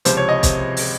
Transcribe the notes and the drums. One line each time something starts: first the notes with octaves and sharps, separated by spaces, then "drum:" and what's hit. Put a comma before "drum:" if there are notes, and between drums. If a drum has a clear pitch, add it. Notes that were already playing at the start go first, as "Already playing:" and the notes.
C#2 C3 F3 C5, drum: hi-hat
C#5
D#5
C3, drum: kick B1, hi-hat
drum: open hi-hat